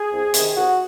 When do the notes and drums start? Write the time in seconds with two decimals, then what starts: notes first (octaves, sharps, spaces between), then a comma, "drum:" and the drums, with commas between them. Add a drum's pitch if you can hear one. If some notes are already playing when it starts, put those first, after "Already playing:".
Already playing: G#4
0.11 C2
0.34 C3 D#3, drum: hi-hat
0.55 C2 F#4